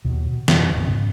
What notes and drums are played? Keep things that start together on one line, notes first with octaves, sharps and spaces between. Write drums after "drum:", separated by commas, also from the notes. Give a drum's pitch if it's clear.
D#2 B2
B2
F2 D#3 E3 G3, drum: snare
E1 A#1 F2 A#2
G#2 C#3 B3 C#4